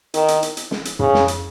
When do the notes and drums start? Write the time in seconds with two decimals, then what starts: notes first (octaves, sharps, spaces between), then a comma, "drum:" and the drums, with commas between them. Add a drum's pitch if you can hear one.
0.14 D#3, drum: hi-hat
0.28 drum: hi-hat
0.43 drum: hi-hat
0.57 drum: hi-hat
0.71 drum: snare
0.85 drum: hi-hat
0.99 C#3, drum: tom
1.14 drum: snare
1.28 drum: hi-hat